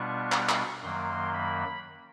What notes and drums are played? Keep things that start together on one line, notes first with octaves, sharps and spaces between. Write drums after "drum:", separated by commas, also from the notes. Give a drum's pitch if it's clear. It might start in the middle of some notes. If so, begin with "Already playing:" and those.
Already playing: B2 G3 B3 D4 F4 C#6
drum: clap
drum: clap
F#2 D#3 F#3 A#3 C6
B5